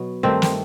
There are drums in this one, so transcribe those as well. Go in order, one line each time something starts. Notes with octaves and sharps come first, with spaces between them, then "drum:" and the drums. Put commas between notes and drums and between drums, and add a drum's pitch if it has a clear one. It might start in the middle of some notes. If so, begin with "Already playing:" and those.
Already playing: B2 F#3 B3
G2 D#3 A3 C4
drum: snare